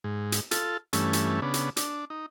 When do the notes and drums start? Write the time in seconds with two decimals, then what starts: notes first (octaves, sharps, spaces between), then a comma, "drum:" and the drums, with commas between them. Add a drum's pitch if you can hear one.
0.04 G#2
0.32 drum: hi-hat
0.51 F4 A4, drum: hi-hat
0.93 G2 E3 A3 C#4, drum: hi-hat
1.13 drum: hi-hat
1.42 C#3 B3 D4
1.54 drum: hi-hat
1.77 D4, drum: hi-hat
2.10 D#4